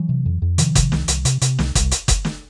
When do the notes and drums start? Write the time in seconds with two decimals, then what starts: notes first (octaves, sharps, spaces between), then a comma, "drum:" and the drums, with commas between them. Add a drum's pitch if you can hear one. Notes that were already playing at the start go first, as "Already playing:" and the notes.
Already playing: E3 F#3
0.09 C3
0.26 F2
0.42 F2
0.58 C3 D#3 F3, drum: hi-hat
0.75 C3, drum: kick F#1, hi-hat
0.92 C2, drum: snare
1.08 C2, drum: hi-hat
1.25 C3, drum: hi-hat
1.41 C3, drum: hi-hat
1.59 C2, drum: snare
1.75 C2, drum: kick F#1, hi-hat
1.91 drum: hi-hat
2.08 drum: kick F#1, hi-hat
2.25 drum: snare